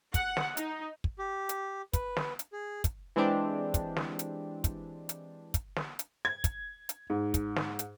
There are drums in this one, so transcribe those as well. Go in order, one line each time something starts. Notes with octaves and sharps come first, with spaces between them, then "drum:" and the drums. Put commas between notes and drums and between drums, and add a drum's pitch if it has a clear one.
F#5, drum: kick, hi-hat
drum: snare
D#4, drum: hi-hat
drum: kick
G4
drum: hi-hat
B4, drum: kick, hi-hat
drum: snare
drum: hi-hat
G#4
drum: kick, hi-hat
E3 G#3 C4 D4 G4
drum: kick, hi-hat
drum: snare
drum: hi-hat
drum: kick, hi-hat
drum: hi-hat
drum: kick, hi-hat
drum: snare
drum: hi-hat
G#6
drum: kick, hi-hat
drum: hi-hat
G#2
drum: kick, hi-hat
drum: snare
drum: hi-hat